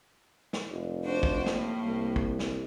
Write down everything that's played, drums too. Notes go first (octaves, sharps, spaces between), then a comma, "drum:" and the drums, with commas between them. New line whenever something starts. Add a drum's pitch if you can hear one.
drum: snare
F1
D4 F#4 C5
drum: kick
A2 A#3, drum: snare
C2
drum: kick
drum: snare